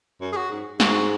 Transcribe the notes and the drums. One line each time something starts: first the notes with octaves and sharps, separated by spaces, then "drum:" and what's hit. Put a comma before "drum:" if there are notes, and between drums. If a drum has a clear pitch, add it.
F#2
G#4
F#4
G#2
G#2 F#4, drum: snare